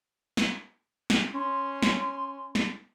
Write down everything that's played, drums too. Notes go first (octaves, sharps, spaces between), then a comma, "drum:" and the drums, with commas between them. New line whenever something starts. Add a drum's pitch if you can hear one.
drum: snare
drum: snare
C#4 C6
drum: snare
drum: snare